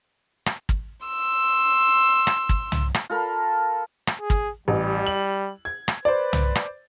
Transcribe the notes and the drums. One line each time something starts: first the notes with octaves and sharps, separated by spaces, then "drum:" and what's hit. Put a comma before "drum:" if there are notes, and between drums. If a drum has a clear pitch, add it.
drum: rim click
drum: kick
C6 E6
drum: rim click
drum: kick
drum: tom C2
drum: rim click
F4 A4 A#4 B5
drum: rim click
G#4
drum: kick
A1 G3
F#7
G#6
drum: rim click
B4 C5 D5
drum: tom C2
drum: rim click